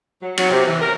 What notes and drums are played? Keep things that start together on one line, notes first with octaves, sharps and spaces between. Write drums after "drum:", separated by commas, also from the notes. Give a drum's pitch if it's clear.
F#3
F#3, drum: cymbal
C3
E3
A#4